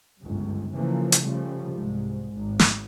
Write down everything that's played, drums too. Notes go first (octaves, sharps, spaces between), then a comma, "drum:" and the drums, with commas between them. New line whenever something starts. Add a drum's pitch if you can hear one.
G1 C#2 F#2
C#3 E3 F3 A#3
drum: hi-hat
C#3 F3 G3 A3
C2 G#2
G#1
drum: snare